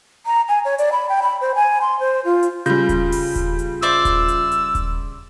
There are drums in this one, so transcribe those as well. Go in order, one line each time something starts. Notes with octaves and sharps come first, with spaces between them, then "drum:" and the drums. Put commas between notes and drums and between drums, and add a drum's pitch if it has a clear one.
A#5
G#5
C#5
D5, drum: hi-hat
B5
G5
B5
C5
G#5
C6
C5
F4
drum: hi-hat
C#3 G3 F4 G6, drum: hi-hat
drum: kick D#1, hi-hat
drum: open hi-hat
drum: kick D#1, hi-hat
drum: hi-hat
C5 D5 E5 E6, drum: hi-hat
drum: kick D#1, hi-hat
drum: hi-hat
drum: hi-hat
drum: kick D#1, hi-hat